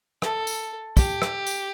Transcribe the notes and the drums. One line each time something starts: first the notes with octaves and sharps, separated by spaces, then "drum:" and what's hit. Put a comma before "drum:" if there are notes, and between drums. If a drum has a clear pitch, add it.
A4, drum: rim click
drum: tambourine
G4, drum: kick, tambourine
drum: rim click
drum: tambourine